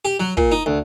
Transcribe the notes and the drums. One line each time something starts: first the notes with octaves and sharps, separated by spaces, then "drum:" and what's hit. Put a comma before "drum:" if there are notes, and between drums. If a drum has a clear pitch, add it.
G4
F#3
A#2, drum: kick
D#4
D2